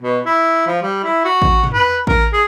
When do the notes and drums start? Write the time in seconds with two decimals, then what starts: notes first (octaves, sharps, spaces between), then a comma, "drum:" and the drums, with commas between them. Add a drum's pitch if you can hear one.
0.02 B2
0.26 E4
0.67 F3
0.82 G3
1.04 E4
1.24 F#4
1.42 drum: kick A1
1.63 drum: tom
1.74 B4
2.07 A#4, drum: kick A1
2.33 G#4